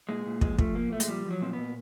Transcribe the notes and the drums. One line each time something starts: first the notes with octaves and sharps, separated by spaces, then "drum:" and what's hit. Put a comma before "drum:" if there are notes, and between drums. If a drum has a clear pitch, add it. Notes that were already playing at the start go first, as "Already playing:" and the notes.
A#2 G#3
A#2
F3 G#3, drum: kick
F3 A3, drum: kick
A#2 A#3
A#2 A3
G#3, drum: hi-hat
F3 G3
F3
F#3
A#2 C4
A#2 B3